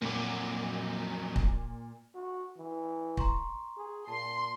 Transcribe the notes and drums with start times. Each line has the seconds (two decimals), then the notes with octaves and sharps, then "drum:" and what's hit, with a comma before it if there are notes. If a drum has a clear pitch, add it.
0.02 F2 A#2 F#3 D6
1.36 drum: kick
2.15 F#4
2.58 E3
3.17 A#5 C6 C#6, drum: kick
3.77 G#4
4.08 A#2 A5 C6